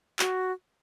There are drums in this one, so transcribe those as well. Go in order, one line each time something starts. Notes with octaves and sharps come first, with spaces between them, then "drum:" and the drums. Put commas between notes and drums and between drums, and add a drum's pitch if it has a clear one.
F#4, drum: clap